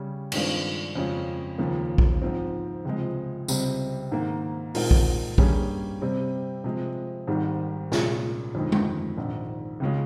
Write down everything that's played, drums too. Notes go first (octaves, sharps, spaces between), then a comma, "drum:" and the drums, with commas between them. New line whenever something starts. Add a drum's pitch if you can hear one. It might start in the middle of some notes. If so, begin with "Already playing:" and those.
Already playing: C#3 G3 C#4
G2 D#3 G#3 C4 F4, drum: cymbal
F2 C#3 G#3 C#4 F4
D#2 C#3 F3 A#3
drum: kick
G#2 F3 C4
C#2 C3 F3 G#3
C#2 C3 G3 C4, drum: tambourine
G#2 D#3 A#3
A#2 G#3 C4 D#4 A#4, drum: open hi-hat
drum: kick
G2 G3 A#3 C#4 G#4, drum: kick
C3 G3 C4
C3 F3 G#3
G#1 G#2 D#3 G3
C2 A#2 G#3 C#4 G#4, drum: snare
G1 F2 D#3 G#3
drum: tom G#3
A#1 G#2 D#3
C#2 C#3 G#3 C#4 F4